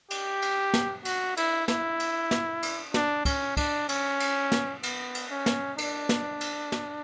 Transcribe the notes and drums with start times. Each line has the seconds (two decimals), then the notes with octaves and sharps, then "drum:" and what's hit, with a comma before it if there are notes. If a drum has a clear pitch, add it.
0.10 G4, drum: cymbal
0.42 drum: cymbal
0.74 drum: snare
1.05 F#4, drum: cymbal
1.37 E4, drum: cymbal
1.68 E4, drum: snare
2.00 drum: cymbal
2.31 drum: snare
2.63 drum: cymbal
2.94 D4, drum: snare
3.25 C#4, drum: kick, cymbal
3.57 D4, drum: kick, cymbal
3.89 C#4, drum: cymbal
4.20 drum: cymbal
4.52 drum: snare
4.83 B3, drum: cymbal
5.15 drum: cymbal
5.31 C#4
5.46 drum: snare
5.78 D4, drum: cymbal
6.09 drum: snare
6.41 drum: cymbal
6.72 drum: snare